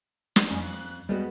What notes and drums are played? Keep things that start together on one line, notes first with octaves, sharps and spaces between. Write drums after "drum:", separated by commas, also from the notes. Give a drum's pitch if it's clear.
drum: snare
F2 C#4
F#6
G3 G#3 B3 F#4